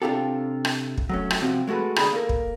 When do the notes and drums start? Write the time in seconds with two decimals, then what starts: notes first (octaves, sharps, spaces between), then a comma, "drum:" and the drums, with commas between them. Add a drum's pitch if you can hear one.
0.02 C3 D4 F4 G4 A4
0.65 drum: rim click
0.98 drum: kick
1.09 F#3 A3 C#4
1.30 drum: rim click
1.42 C3 F3 C4 F#4
1.67 G#3 A3 F#4 A4 B4
1.96 D2 D3 G#4 A#5 B5, drum: rim click
2.12 A#3 A4 A#4
2.29 drum: kick